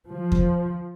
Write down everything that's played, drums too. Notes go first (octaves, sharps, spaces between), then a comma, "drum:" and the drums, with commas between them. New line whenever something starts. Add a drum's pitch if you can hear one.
F3
drum: kick E2